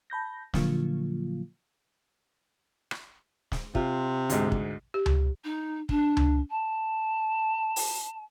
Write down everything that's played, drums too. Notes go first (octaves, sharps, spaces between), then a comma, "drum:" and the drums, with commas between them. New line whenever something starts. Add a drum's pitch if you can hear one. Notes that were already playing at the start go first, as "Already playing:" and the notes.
A5 B5 G6 A#6
A#2 D3 F3 F#3 A#3 F4, drum: snare
drum: rim click
drum: snare
C3 F4, drum: kick
D2 G#2 G#3, drum: hi-hat
drum: kick
G4
drum: tom C#2
D#4
D4, drum: kick
drum: tom C#2
A5
drum: open hi-hat